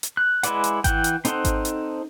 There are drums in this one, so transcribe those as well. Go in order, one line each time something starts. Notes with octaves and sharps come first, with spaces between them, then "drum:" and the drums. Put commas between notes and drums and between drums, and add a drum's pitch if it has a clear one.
drum: hi-hat
F#6
G#3 E4 B4 D5 F#5, drum: hi-hat
drum: hi-hat
E3 F#5 G5, drum: kick G#1, hi-hat
drum: hi-hat
C4 D#4 A4 C5 F#5, drum: hi-hat
drum: kick G#1, hi-hat
drum: hi-hat